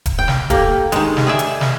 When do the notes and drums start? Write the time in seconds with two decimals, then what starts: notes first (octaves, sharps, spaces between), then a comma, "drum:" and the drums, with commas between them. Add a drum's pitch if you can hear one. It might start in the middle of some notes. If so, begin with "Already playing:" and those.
0.06 drum: kick D#1, hi-hat
0.19 G5
0.28 drum: snare
0.50 A#3 G4 A4, drum: kick D#1, hi-hat
0.92 D#3 G#3, drum: hi-hat
1.17 drum: snare
1.27 G#4 D5 E5
1.39 drum: hi-hat
1.61 drum: snare